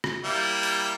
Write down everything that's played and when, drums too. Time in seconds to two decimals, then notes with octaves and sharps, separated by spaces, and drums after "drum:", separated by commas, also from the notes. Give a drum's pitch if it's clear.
0.04 drum: rim click
0.24 G3 A#3 E4
0.63 drum: open hi-hat